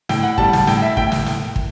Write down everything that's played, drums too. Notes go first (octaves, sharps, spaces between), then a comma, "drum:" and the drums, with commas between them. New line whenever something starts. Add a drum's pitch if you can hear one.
A2 G5, drum: snare
F#5
G3 A5, drum: kick
A5, drum: snare
A2 G5, drum: snare
E5
A2 G5, drum: kick
drum: snare
drum: snare
drum: kick